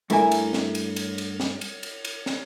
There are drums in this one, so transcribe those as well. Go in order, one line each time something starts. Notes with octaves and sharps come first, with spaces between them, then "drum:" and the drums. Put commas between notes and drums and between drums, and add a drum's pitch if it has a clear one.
G2 A3 E4 A#4 E5 G#5, drum: cymbal
drum: cymbal
drum: snare
drum: cymbal
drum: cymbal
drum: cymbal
drum: snare
drum: cymbal
drum: cymbal
drum: cymbal
drum: snare